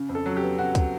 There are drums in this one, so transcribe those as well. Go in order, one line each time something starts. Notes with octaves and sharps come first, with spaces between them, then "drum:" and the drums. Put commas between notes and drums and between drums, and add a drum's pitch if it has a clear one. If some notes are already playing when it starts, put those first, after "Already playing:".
Already playing: C#3
F2
A4
F#3
G4
B3
C#3 F#4
drum: kick, hi-hat